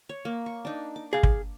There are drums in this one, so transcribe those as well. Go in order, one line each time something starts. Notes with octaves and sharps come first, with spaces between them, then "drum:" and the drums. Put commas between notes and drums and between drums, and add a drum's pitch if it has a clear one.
C#5
A#3
C#6
D4 D#4
D6
G#4 F5
drum: kick